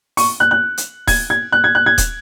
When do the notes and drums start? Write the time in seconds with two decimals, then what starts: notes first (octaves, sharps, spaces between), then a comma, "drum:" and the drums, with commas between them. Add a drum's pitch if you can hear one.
0.17 C#6, drum: open hi-hat
0.40 F#6
0.51 F#6
0.78 drum: hi-hat
1.07 G#6, drum: kick D#1, open hi-hat
1.30 G#6
1.52 F#6
1.64 G#6
1.75 F#6
1.86 G#6
1.98 drum: kick D#1, hi-hat